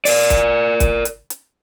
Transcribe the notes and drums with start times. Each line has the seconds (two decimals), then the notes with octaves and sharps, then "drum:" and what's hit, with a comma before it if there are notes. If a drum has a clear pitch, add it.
0.05 A#4 D5, drum: open hi-hat
0.30 drum: kick, hi-hat
0.80 drum: kick, hi-hat
1.05 drum: hi-hat
1.30 drum: hi-hat